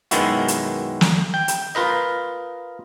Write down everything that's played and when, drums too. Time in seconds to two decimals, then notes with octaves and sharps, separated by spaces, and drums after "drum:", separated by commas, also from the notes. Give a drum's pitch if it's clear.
0.11 F#2 B2 D#3 G#3 E4 F#4, drum: hi-hat
0.48 drum: hi-hat
1.01 drum: snare
1.34 G5
1.48 drum: hi-hat
1.75 F4 A#4 B4 D#5